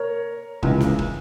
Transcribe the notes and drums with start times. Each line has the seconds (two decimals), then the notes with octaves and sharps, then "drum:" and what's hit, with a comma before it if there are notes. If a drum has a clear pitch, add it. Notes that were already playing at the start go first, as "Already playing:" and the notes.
Already playing: A#4 C#5
0.63 C#2 C#3 E3, drum: kick
0.81 drum: snare
0.99 drum: kick